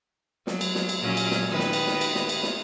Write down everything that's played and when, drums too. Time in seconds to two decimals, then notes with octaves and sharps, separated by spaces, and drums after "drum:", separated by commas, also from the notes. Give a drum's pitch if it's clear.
0.47 F#3, drum: snare
0.61 drum: cymbal
0.75 drum: snare
0.89 drum: cymbal
0.99 A#2 F#3 C#4
1.17 drum: cymbal
1.31 drum: snare
1.49 D#3 B4
1.59 drum: snare
1.73 drum: cymbal
1.87 drum: snare
2.01 drum: cymbal
2.15 drum: snare
2.29 drum: cymbal
2.43 drum: snare